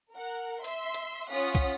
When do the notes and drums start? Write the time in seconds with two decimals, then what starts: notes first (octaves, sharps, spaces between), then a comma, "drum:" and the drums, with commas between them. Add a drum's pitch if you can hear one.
0.14 A#4 F#5
0.64 E5 C6, drum: open hi-hat
0.94 drum: hi-hat
1.30 C#4 F4 C#5 F#5 D#6 B6
1.55 drum: kick, hi-hat